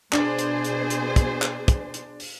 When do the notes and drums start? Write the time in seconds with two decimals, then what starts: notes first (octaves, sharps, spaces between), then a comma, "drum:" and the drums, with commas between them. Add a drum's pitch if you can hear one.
0.13 B2 D4 G#4 C5, drum: clap
0.39 drum: hi-hat
0.64 drum: hi-hat
0.90 drum: hi-hat
1.16 drum: kick, hi-hat
1.42 drum: clap
1.68 drum: kick, hi-hat
1.94 drum: hi-hat
2.20 drum: open hi-hat